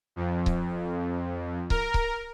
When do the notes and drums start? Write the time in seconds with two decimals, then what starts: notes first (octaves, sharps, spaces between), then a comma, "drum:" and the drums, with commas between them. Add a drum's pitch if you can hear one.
0.16 F2
0.46 drum: kick C#1
1.70 A#4, drum: kick C#1
1.94 drum: kick C#1